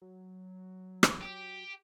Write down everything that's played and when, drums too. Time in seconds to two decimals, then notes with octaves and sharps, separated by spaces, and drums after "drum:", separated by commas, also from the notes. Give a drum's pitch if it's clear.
0.02 F#3
1.03 drum: rim click
1.21 G4